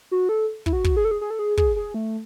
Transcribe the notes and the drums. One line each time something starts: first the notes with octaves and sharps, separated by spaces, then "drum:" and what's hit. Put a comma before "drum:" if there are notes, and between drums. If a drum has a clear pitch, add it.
F#4
A4
E4, drum: kick
F#4
drum: kick
G#4
A4
G#4
G#4
A4
G#4
G#4, drum: kick
G#4
A3